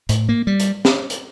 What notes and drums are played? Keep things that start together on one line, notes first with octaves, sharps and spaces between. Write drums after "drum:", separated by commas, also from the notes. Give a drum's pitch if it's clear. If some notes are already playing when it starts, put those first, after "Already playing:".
A2, drum: hi-hat
A#3
G3
drum: hi-hat
drum: snare
drum: hi-hat